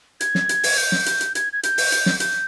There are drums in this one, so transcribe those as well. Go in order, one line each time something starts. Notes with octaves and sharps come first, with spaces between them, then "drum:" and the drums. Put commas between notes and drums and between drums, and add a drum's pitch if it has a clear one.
G#6, drum: hi-hat
drum: snare
drum: hi-hat
drum: open hi-hat
G6
drum: snare
drum: hi-hat
drum: hi-hat
G#6, drum: hi-hat
G#6
G6, drum: hi-hat
drum: open hi-hat
drum: hi-hat
drum: snare
G6, drum: hi-hat